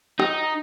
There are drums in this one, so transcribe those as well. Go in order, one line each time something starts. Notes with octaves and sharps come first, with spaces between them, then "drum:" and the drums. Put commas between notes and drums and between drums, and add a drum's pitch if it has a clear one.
D#4, drum: rim click